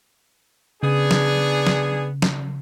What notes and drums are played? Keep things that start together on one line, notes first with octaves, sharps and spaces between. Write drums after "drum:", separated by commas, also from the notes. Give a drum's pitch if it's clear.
C#3 B3 D4 G#4
drum: snare
drum: snare
drum: snare